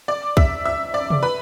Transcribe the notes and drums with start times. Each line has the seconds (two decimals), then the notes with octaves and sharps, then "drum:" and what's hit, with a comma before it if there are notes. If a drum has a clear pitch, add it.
0.08 D5 D6
0.37 E5 E6, drum: kick
0.65 E5 E6
0.94 D5 D6
1.10 drum: tom C3
1.23 B4 B5